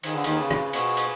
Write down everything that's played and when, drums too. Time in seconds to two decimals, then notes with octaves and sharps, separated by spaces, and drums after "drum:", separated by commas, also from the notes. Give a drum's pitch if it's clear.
0.03 D#3 F4 G#4 B4, drum: cymbal
0.13 D3
0.24 D#2 D#3, drum: cymbal
0.38 C#3
0.51 drum: rim click
0.73 B2, drum: cymbal
0.97 drum: cymbal